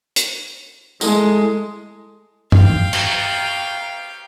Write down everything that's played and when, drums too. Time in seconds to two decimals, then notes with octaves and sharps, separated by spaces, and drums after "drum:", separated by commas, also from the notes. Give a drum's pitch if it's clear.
0.16 drum: hi-hat
1.01 G#3 E4 A4, drum: tambourine
2.52 F5 G5, drum: tom G2
2.93 drum: cymbal